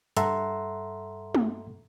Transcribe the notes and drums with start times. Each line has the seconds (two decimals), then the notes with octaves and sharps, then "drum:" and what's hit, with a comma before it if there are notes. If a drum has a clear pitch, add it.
0.17 G2 A4 E5 F#5 A#5 C6, drum: hi-hat
1.35 drum: tom